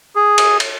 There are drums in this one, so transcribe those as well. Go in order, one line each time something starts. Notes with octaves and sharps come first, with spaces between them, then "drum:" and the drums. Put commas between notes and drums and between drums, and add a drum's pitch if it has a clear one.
G#4
drum: cymbal
drum: cymbal